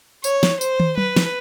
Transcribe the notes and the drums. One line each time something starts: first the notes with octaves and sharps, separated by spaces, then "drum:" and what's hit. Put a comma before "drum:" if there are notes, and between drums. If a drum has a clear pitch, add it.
C#5, drum: tambourine
drum: snare
C5, drum: tambourine
drum: tom
B4, drum: tom F#3
drum: snare